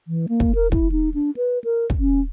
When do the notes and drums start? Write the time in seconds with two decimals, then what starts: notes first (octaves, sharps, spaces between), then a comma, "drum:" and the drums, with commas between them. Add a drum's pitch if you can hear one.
0.08 E3
0.29 A#3
0.40 drum: kick
0.55 A#4
0.72 E4, drum: kick
0.92 D#4
1.14 D4
1.37 B4
1.64 A#4
1.90 drum: kick
2.00 C#4